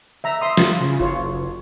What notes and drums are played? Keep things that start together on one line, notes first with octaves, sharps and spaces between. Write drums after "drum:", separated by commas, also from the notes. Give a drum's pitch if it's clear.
E5 A#5
E5 C6 D#6
F4, drum: snare
C#3
F#1 F4 C#5